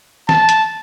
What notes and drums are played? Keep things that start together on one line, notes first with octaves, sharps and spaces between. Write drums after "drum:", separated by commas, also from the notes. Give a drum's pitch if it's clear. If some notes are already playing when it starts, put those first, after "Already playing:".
A5, drum: snare
drum: hi-hat